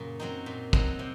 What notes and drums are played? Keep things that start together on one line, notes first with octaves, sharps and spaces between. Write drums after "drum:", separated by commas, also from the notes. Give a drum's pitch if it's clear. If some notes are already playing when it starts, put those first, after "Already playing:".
Already playing: F#2 A#2 C#3
F#3 C4 D#4
A#2
F#3 C4 D#4, drum: kick
C3